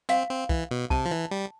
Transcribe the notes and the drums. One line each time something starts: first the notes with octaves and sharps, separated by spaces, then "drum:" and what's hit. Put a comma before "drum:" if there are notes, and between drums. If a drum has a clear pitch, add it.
C4 F5, drum: tambourine
C4
E3, drum: kick
B2
C3 A5, drum: kick
F3
E3
G3